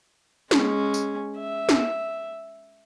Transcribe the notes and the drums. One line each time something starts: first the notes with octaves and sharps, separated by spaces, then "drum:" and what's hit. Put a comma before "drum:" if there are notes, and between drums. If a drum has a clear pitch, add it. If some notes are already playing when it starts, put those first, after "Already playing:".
G#3 C#4, drum: snare
drum: tambourine
E5
drum: snare